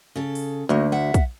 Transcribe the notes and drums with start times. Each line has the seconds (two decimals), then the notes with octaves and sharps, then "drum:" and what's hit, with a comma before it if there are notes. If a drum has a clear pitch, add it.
0.16 C#3 A4
0.35 drum: open hi-hat
0.69 D2 A3 A#3 D#4
0.92 E5 F#5
1.14 drum: kick, hi-hat